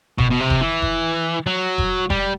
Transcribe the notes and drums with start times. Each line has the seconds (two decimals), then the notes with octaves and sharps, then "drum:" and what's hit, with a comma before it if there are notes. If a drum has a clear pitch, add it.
0.18 B2, drum: kick F1
0.30 B2
0.40 C3
0.50 drum: kick F1
0.61 E3
0.82 drum: kick F1
1.46 F#3
1.78 drum: kick F1
2.10 G3, drum: kick F1